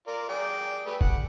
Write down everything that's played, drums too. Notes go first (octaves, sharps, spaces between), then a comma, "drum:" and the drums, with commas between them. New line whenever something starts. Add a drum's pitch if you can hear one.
F4 A#4 D5
G#4 D5 G5
A3 G4 B4
F#5, drum: kick